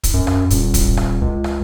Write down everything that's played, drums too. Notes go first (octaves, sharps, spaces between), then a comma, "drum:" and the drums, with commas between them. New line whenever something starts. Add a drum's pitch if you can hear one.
drum: kick, hi-hat
F#2
drum: rim click
D#1, drum: hi-hat
drum: kick, hi-hat
drum: rim click
C#2
drum: rim click